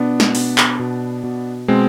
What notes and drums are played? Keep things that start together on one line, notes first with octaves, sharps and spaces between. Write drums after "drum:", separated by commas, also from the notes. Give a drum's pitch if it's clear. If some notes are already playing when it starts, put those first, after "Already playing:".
Already playing: B2 B3 D4
drum: snare
B2, drum: open hi-hat
drum: clap
B2
B2
B2 G#3 C4